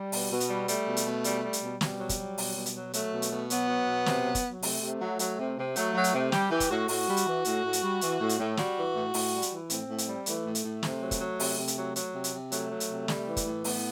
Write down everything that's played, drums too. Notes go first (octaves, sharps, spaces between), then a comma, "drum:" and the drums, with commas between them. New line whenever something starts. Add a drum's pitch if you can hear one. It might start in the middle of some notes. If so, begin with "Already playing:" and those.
Already playing: G3
B2, drum: open hi-hat
B2
drum: hi-hat
G3
G3 A3, drum: hi-hat
B2
drum: hi-hat
B2
G3, drum: hi-hat
G3
drum: hi-hat
B2
B2 G3, drum: snare
F#3
drum: kick, hi-hat
F#3
B2, drum: open hi-hat
B2
drum: hi-hat
F#3
F#3 A3, drum: hi-hat
B2
drum: hi-hat
B2
F#3 B3, drum: hi-hat
F#3
B2
C3, drum: snare
F#3
drum: kick, hi-hat
F#3
C3 A3, drum: open hi-hat
C3
F#3
F#3, drum: hi-hat
C3
C3
F#3 A3, drum: hi-hat
F#3
drum: hi-hat
C3
G3 G4, drum: snare
E3 G4
drum: kick, hi-hat
A2 F#4
A2 F#4, drum: open hi-hat
G3
drum: hi-hat
E3
A2, drum: hi-hat
A2
drum: hi-hat
G3
E3, drum: hi-hat
A2
drum: hi-hat
A2
G3 F#4, drum: snare
E3
A2
A2, drum: open hi-hat
G3
drum: hi-hat
E3
A2 C4, drum: hi-hat
A2
drum: hi-hat
G3
E3 A3, drum: hi-hat
A2
drum: hi-hat
A2
C3, drum: snare
F#3
drum: kick, hi-hat
F#3
C3, drum: open hi-hat
C3
drum: hi-hat
F#3
F#3, drum: hi-hat
C3
drum: hi-hat
C3
F#3 A3, drum: hi-hat
F#3
drum: hi-hat
C3
G3, drum: snare
E3
drum: kick, hi-hat
A2
A2 B3, drum: open hi-hat